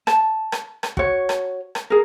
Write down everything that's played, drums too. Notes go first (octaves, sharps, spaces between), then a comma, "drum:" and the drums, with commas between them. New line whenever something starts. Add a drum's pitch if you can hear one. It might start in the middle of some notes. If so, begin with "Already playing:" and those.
A5, drum: rim click
drum: rim click
drum: rim click
F#4 C#5, drum: kick
drum: rim click
drum: rim click
G#4 A#4